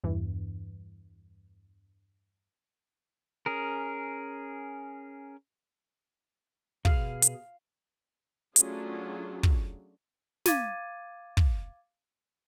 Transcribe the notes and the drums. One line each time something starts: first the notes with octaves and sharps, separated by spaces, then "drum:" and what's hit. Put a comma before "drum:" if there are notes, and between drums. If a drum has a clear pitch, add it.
E2 G2 E3
C#4 G#4 A#4
B2 G#4 F5, drum: kick
drum: hi-hat
F#3 A3 C#4 D4 F4 G#4, drum: hi-hat
drum: kick
F5 D6 G#6 A6 D#7, drum: snare
drum: kick